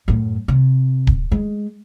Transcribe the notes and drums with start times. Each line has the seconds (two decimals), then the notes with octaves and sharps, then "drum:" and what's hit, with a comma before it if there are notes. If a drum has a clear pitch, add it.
0.08 F#2 A2
0.48 C3
1.07 drum: kick D1
1.31 G#3